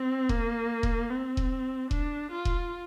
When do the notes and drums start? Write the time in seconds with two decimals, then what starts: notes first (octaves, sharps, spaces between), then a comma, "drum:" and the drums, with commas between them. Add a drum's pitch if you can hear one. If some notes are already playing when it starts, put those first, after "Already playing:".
Already playing: C4
0.29 A#3, drum: kick E1
0.83 drum: kick E1
1.10 C4
1.37 drum: kick E1
1.91 D4, drum: kick E1
2.32 F4
2.45 drum: kick E1